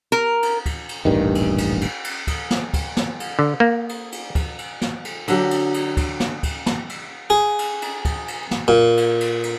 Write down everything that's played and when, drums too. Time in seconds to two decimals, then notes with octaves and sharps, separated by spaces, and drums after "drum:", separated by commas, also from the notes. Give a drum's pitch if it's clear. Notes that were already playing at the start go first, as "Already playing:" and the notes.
0.12 A#4
0.43 drum: cymbal
0.66 drum: kick, cymbal
0.89 drum: cymbal
1.05 D#1 A1 G2 D#3
1.35 drum: cymbal
1.58 drum: cymbal
1.81 drum: cymbal
2.04 drum: cymbal
2.27 drum: kick, cymbal
2.50 drum: snare
2.74 drum: kick, cymbal
2.97 drum: snare
3.20 drum: cymbal
3.39 D3
3.60 A#3
3.89 drum: cymbal
4.12 drum: cymbal
4.35 drum: kick, cymbal
4.58 drum: cymbal
4.82 drum: snare
5.05 drum: cymbal
5.28 D3 F#3 G4, drum: cymbal
5.51 drum: cymbal
5.74 drum: cymbal
5.97 drum: kick, cymbal
6.20 drum: snare
6.43 drum: kick, cymbal
6.66 drum: snare
6.89 drum: cymbal
7.30 G#4
7.59 drum: cymbal
7.82 drum: cymbal
8.05 drum: kick, cymbal
8.28 drum: cymbal
8.51 drum: snare
8.68 A#2
8.97 drum: cymbal
9.20 drum: cymbal
9.44 drum: cymbal